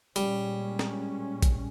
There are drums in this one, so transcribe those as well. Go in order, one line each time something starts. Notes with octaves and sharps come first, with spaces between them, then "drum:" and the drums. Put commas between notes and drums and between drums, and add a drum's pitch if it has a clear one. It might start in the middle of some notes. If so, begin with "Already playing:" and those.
A#2 G3 G#3 C#4, drum: hi-hat
drum: snare
drum: kick, hi-hat